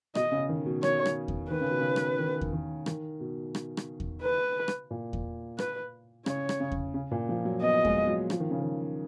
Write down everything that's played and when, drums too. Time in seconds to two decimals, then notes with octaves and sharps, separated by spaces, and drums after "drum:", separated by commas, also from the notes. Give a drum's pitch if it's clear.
0.15 B2 D#5, drum: rim click
0.32 C#3
0.49 D#3
0.66 B2
0.83 C#5, drum: rim click
1.06 drum: rim click
1.28 drum: kick E2
1.50 D#3 B4
1.61 C#3
1.70 B2
1.79 C#3
1.96 drum: rim click
2.19 D#3
2.41 drum: kick E2
2.53 D#3
2.86 D#3, drum: rim click
3.20 B2
3.55 drum: rim click
3.77 drum: rim click
4.00 drum: kick E2
4.23 B4
4.68 drum: rim click
4.91 A#2
5.13 drum: kick E2
5.59 B4, drum: rim click
6.26 C#3 C#5, drum: rim click
6.49 drum: rim click
6.60 C#3
6.72 drum: kick E2
6.94 C#3
7.11 A#2
7.29 F3
7.45 F#3
7.62 B3 D#5
7.85 G#3, drum: kick E2
8.07 F#3
8.30 F3, drum: rim click
8.40 D#3
8.51 C#3
8.60 D#3